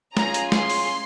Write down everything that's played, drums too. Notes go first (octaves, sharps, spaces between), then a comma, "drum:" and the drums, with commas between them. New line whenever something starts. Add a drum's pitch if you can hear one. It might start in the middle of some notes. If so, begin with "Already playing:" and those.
C#4 F4 G#4 A#5, drum: snare
drum: hi-hat
C6, drum: snare
drum: open hi-hat